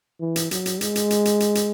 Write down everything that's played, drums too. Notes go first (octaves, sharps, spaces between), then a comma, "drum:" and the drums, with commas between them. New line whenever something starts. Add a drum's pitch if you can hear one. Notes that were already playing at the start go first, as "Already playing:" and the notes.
E3
drum: hi-hat
F#3, drum: hi-hat
drum: hi-hat
G#3, drum: hi-hat
drum: hi-hat
drum: hi-hat
drum: hi-hat
drum: hi-hat
drum: hi-hat